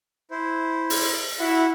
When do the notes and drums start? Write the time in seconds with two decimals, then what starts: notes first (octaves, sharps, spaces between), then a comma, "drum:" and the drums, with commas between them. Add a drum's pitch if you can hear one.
0.31 E4 C5
0.90 drum: open hi-hat
1.39 E4 F#4 F#5